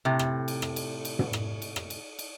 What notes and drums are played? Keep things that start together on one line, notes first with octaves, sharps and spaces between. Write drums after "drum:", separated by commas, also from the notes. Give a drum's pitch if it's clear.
A2 C3
drum: rim click
drum: cymbal
drum: rim click
drum: cymbal
drum: cymbal
drum: tom
drum: rim click
drum: cymbal
drum: rim click
drum: cymbal
drum: cymbal